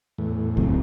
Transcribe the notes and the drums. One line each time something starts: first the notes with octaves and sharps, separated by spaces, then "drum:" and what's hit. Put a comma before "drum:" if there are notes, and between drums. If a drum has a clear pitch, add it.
E2 A2
C#2 F#3 C4, drum: kick C2